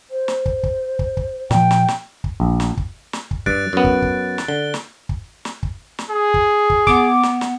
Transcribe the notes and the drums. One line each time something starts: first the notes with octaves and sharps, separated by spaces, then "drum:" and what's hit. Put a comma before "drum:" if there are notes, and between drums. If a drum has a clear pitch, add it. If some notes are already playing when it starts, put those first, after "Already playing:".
C5
drum: snare
drum: kick
drum: kick
drum: kick
drum: kick
A#2 F3 G5, drum: snare
drum: snare
drum: snare
drum: kick
A#1
drum: snare
drum: kick
drum: snare
drum: kick
G2 F#6 A6 D7, drum: kick
F#2 B3
drum: kick
drum: kick
drum: snare
D3 G7
drum: snare
drum: kick
drum: snare
drum: kick
drum: snare
G#4
drum: kick
drum: kick
B3 D6, drum: kick
drum: snare
drum: snare